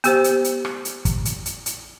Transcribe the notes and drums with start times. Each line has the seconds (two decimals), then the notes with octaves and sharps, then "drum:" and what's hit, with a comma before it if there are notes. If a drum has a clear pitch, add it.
0.04 B3 G4 C5, drum: hi-hat
0.24 drum: hi-hat
0.44 drum: hi-hat
0.65 drum: rim click
0.85 drum: hi-hat
1.05 drum: kick, hi-hat
1.25 drum: hi-hat
1.46 drum: hi-hat
1.66 drum: hi-hat